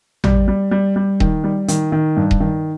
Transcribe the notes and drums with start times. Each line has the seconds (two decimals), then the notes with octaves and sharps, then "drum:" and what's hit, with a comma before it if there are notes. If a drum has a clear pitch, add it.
0.24 G3, drum: tom
0.48 G3
0.71 G3
0.96 G3
1.20 D#3, drum: kick D#1
1.44 G3
1.68 D#3, drum: hi-hat
1.92 D#3
2.17 G2
2.31 drum: kick D#1
2.40 D#3